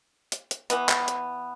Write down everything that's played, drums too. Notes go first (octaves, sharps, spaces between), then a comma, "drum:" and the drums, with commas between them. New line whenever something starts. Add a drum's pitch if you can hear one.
drum: hi-hat
drum: hi-hat
E3 B3, drum: hi-hat
drum: clap
drum: hi-hat